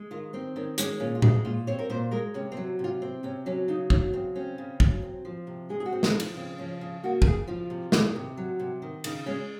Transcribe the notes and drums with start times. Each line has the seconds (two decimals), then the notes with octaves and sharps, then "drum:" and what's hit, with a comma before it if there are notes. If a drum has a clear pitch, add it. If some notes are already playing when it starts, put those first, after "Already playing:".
Already playing: G#3
0.11 D#3 F4
0.33 C4 D#4
0.56 D#3 C#4
0.78 G#3 C#4, drum: hi-hat
1.00 A#2 C#4
1.15 F4
1.22 G#3 D#4, drum: tom A2
1.45 A#2 F4
1.67 C4 C#5
1.79 A#4
1.90 A#2 C5
2.11 G#3 A#4
2.34 C3 C#4
2.52 C4
2.57 F#3
2.79 C3 F4
3.02 C4
3.23 C3 C#4
3.46 F#3 C#4
3.68 C#3 D#4
3.90 F#3 D#4, drum: kick
4.13 C#3 C4
4.35 C4 C#4
4.58 C#3
4.80 F#3, drum: kick
5.02 C4
5.25 F3
5.47 C3
5.69 G#3 G#4
5.80 G#4
5.86 F#4
5.92 C4
6.03 F4, drum: snare
6.14 F3
6.20 D#4, drum: cymbal
6.36 C#3 C4
6.58 F3 C#4
6.81 C#3
7.03 A#3 F#4
7.22 A#4, drum: kick
7.25 C#3 G#4
7.47 F3 F4
7.70 C3
7.92 D#3, drum: snare
8.16 C3
8.37 F#3
8.60 C3
8.82 D#3
9.04 C#3 D#4, drum: cymbal
9.26 G#3 C#4